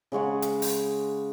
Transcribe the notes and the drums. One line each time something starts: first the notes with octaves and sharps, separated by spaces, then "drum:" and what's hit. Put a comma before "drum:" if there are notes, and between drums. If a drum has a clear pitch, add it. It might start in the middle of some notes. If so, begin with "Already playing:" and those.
C#3 G#3 C#5 F#5
drum: hi-hat
drum: open hi-hat